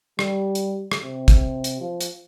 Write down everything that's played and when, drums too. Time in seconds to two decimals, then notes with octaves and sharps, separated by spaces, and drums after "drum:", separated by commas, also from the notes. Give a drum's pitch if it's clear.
0.19 G3, drum: rim click
0.55 drum: hi-hat
0.92 drum: rim click
1.03 C3
1.28 drum: kick, hi-hat
1.64 drum: hi-hat
1.80 F3
2.01 drum: hi-hat